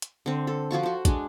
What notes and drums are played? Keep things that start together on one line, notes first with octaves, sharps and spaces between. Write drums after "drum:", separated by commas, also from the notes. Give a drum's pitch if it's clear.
drum: hi-hat
D3 C4
A4
F3 F4 F#4 C#6
F#4 C5
G#3 D4, drum: kick, hi-hat